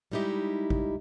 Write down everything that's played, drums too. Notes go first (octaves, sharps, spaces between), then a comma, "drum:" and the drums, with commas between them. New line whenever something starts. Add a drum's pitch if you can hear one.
G3 G#3 D#4 E4 G4 D#5
drum: kick